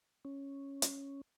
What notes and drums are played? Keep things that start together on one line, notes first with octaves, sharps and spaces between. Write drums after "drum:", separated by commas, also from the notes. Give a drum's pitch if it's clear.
C#4
drum: hi-hat